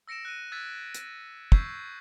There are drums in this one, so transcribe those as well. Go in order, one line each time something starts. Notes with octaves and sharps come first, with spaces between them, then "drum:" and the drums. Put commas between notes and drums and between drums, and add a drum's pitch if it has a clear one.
E6 A#6 C#7 D7 E7
F#6 D#7
E6 F#6 G#6 A6 B6
drum: hi-hat
C#6 E6 G6 G#6 B6 C7, drum: kick